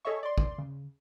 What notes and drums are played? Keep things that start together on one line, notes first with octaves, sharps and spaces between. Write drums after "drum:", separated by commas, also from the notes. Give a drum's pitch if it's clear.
G#4 A4 C#5 D#5 E5 C#6
D5 C6
drum: kick
C#3